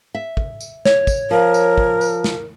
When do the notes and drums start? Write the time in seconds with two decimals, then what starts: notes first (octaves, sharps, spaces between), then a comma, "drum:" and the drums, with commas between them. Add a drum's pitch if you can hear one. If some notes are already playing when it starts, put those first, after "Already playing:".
0.15 E5
0.37 drum: kick
0.60 drum: tambourine
0.85 C#5, drum: snare
1.07 drum: kick, tambourine
1.31 F3 A#4
1.54 drum: tambourine
1.78 drum: kick
2.01 drum: tambourine
2.24 drum: snare